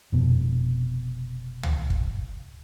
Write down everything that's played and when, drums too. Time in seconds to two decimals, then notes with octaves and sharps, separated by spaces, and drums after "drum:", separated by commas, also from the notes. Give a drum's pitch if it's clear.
0.12 F1 B2
1.63 drum: tom
1.90 drum: kick